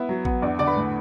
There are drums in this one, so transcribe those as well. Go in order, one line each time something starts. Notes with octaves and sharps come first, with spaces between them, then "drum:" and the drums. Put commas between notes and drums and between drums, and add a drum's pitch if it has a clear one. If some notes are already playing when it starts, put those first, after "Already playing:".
Already playing: B3 E4 E5
F#3
B3, drum: kick A1
E2 D4 D5
D3 D5 D6
B4 B5
A2